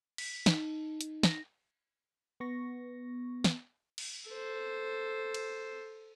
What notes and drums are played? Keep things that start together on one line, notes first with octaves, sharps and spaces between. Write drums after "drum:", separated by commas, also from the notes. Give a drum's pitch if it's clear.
B6, drum: cymbal
D#4, drum: snare
D#4, drum: hi-hat
A#6, drum: snare
B3 C#6 A#6
drum: snare
drum: cymbal
A4 C5
drum: cymbal